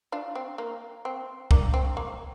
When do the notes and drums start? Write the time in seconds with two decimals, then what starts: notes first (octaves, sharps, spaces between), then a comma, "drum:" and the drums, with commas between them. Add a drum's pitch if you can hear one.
0.12 D4 F4
0.35 C4
0.58 A#3
1.05 C4
1.51 A#3 D4, drum: kick C2
1.74 C4
1.97 A#3